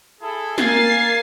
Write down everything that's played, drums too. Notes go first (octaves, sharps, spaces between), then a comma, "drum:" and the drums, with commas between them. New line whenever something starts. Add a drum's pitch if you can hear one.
E4 G#4 A4
A#3 F5 G#5 A6 C7, drum: snare